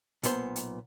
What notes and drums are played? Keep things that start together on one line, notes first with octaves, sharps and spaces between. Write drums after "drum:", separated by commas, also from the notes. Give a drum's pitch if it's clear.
B1 A#2 B3 C5, drum: hi-hat
drum: hi-hat